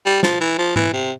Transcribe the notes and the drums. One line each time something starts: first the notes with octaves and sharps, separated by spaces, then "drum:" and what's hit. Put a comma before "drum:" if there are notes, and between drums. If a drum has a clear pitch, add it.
G3
F3, drum: snare
E3
F3
E3, drum: tom G#2
C3